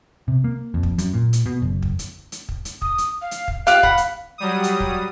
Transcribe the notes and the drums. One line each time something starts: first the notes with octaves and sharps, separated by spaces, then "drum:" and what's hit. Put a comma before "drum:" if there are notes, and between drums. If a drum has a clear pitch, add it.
C3
A#3
F2
drum: kick
F#2, drum: hi-hat
A#2
drum: hi-hat
B2
F#1
drum: kick
drum: hi-hat
drum: hi-hat
drum: kick
drum: hi-hat
D#6, drum: kick
drum: hi-hat
F5
drum: hi-hat
drum: kick
F4 G4 F5 F#6, drum: hi-hat
F#5 B5, drum: kick
drum: hi-hat
F#3 G3 D#6
drum: hi-hat
drum: kick